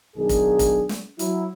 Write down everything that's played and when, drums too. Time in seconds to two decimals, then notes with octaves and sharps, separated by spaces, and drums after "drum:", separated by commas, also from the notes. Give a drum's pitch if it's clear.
0.17 B1 D#3 D4 G#4
0.29 drum: kick F1, hi-hat
0.59 drum: kick F1, hi-hat
0.89 drum: snare
1.19 F#3 E4, drum: hi-hat